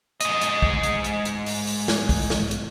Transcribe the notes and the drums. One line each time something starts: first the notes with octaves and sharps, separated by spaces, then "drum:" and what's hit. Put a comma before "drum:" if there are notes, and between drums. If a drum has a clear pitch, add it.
G#2 D#5, drum: hi-hat
drum: hi-hat
drum: kick
drum: hi-hat
drum: hi-hat
drum: hi-hat
drum: open hi-hat
drum: open hi-hat
drum: snare
drum: kick, open hi-hat
drum: snare
drum: hi-hat